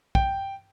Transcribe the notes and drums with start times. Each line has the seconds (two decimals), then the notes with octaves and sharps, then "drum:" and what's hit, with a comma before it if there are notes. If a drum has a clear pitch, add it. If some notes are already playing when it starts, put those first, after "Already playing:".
0.15 G5, drum: kick